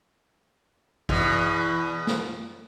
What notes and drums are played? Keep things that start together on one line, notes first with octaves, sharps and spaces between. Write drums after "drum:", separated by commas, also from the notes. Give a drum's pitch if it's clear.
E2 B2, drum: kick A1
drum: snare